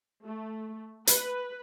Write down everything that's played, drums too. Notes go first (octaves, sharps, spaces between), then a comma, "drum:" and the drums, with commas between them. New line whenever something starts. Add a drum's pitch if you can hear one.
A3
B4, drum: hi-hat